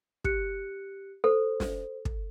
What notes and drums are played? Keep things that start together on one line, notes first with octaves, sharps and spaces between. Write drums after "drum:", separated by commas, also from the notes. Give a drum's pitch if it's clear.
G4 F#6 C#7, drum: kick
A4 C5
drum: snare
drum: kick